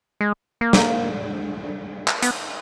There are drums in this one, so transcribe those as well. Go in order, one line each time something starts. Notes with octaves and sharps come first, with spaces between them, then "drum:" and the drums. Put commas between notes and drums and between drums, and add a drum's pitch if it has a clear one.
G#3
A#3
drum: snare
drum: clap
B3, drum: hi-hat